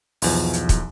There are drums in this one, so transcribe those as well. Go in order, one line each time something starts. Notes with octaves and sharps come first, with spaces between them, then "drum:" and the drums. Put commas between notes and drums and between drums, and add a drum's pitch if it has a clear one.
B1 E2 F3, drum: open hi-hat
drum: hi-hat
drum: kick, hi-hat